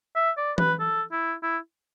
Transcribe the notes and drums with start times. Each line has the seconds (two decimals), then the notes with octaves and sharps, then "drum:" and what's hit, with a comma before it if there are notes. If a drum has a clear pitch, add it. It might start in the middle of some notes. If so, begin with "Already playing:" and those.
0.16 E5
0.37 D5
0.58 B4, drum: tom E3
0.80 A4
1.12 E4
1.43 E4